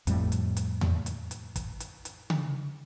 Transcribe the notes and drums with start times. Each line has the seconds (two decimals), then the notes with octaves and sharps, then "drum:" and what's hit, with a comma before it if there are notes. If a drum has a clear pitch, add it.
0.07 F2 A2 G3, drum: kick, hi-hat
0.32 drum: hi-hat
0.57 drum: hi-hat
0.81 drum: tom E2
1.06 drum: hi-hat
1.31 drum: hi-hat
1.56 drum: kick, hi-hat
1.80 drum: hi-hat
2.05 drum: hi-hat
2.30 drum: tom C#3